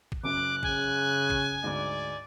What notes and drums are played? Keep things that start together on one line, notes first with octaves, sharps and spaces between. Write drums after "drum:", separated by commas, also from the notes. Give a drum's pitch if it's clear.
drum: kick
F#1 F#2 D6 F#6
C#3 G#5, drum: kick
drum: kick
D2 G#2 D5